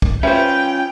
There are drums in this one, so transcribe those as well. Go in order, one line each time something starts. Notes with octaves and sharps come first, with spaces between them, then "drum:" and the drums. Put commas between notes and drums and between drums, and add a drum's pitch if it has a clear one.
drum: kick
C#4 F4 B4 C5 E5 G5